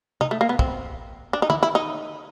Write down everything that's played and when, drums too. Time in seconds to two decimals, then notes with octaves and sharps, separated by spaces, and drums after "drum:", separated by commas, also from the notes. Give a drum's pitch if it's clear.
0.21 D#4, drum: tom C3
0.31 A3
0.41 A#3
0.49 B3
0.59 C4, drum: kick
1.33 D4
1.42 D#4
1.50 E4, drum: tom D3
1.63 E4
1.75 D#4